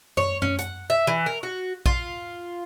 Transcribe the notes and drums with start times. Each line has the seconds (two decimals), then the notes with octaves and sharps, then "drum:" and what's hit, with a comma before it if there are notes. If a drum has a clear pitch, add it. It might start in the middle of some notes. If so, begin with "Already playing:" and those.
0.17 C#5, drum: tom F#2
0.42 C#4, drum: tom F#2
0.59 F#5, drum: hi-hat
0.90 E5
1.07 E3
1.26 A#4
1.43 F#4
1.86 F4, drum: kick A#1